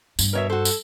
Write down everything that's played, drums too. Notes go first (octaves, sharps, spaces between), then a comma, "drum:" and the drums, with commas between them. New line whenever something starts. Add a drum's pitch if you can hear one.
G2, drum: tambourine
B2 A#4 C#5 E5
F#4 A4 C5
drum: tambourine